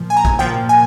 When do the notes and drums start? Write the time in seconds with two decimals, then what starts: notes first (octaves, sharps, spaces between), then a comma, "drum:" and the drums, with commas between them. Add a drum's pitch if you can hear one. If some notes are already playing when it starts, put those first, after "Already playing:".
Already playing: A#2 F3
0.10 G#5
0.17 A#5
0.25 G#5, drum: kick
0.39 A#2 F3 G5
0.69 G#5